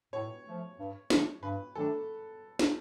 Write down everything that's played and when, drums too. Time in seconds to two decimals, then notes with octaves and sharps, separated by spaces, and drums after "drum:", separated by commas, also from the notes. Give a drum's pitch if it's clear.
0.13 A2 C#5
0.46 F3 A3
0.78 G2
1.10 D#3 F#3 A3 D4, drum: snare
1.43 G2 B4
1.75 D#3 F#3 A3 D4 A4
2.59 drum: snare